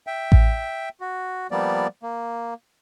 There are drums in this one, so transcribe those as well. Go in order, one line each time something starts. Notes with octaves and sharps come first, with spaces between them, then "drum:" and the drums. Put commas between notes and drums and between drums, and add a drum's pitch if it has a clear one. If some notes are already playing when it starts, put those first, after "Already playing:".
E5 G5
drum: kick A1
F#4
F3 G3 A#3 B3 D5
A#3